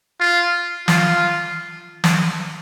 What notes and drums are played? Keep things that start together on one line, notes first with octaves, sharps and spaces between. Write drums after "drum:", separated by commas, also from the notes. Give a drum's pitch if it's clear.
F4
F4, drum: snare
drum: snare